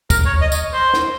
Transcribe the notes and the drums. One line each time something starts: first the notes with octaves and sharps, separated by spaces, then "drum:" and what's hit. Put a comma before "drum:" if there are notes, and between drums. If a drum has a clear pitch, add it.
A#4, drum: kick, tambourine
C#5
D#5
drum: tambourine
C5
drum: snare